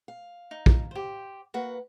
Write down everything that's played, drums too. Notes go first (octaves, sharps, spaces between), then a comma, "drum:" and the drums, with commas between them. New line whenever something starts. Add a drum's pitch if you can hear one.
F5
D#4
drum: kick
G4 C5
A#3 F#4 B4 F#5